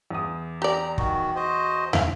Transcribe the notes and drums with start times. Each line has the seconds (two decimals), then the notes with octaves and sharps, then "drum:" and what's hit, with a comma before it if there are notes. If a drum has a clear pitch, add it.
0.10 E2 D#6
0.62 G4 D5 A#5
0.98 D#3 F#4, drum: kick
1.35 F#4 C5 D#5
1.93 E4 F5, drum: tom